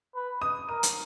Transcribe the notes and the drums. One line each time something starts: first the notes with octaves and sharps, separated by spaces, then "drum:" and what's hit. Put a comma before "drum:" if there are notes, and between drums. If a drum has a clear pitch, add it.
B4
D#6
A#4 D#6
drum: hi-hat